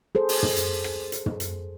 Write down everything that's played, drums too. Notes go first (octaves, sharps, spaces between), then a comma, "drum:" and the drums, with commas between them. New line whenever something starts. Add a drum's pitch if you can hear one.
G#4 A4 C5
drum: open hi-hat
drum: tom
drum: hi-hat
drum: rim click
drum: hi-hat
drum: tom
drum: hi-hat